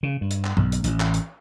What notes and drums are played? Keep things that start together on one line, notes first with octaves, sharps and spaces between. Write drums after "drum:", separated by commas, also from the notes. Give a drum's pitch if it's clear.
C#3
G2
drum: hi-hat
drum: clap
B1, drum: tom G2
drum: hi-hat
A1, drum: hi-hat
drum: clap
drum: hi-hat